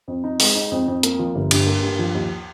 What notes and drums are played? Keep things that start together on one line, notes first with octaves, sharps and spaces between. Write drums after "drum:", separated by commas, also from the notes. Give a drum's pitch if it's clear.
F2
D#4
G#3, drum: open hi-hat
D#4
F2
F2
A#3, drum: hi-hat
F3
G1
G2, drum: cymbal
A#3
G2
F3
D#2